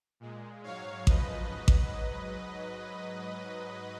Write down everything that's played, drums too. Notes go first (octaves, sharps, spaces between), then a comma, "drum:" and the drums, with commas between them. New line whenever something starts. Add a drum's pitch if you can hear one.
A#2 G#3
G#2 F#3 C#5 F5
F#2 C#3 F3 B4 D#5, drum: kick A1
G#2 F#3
drum: kick A1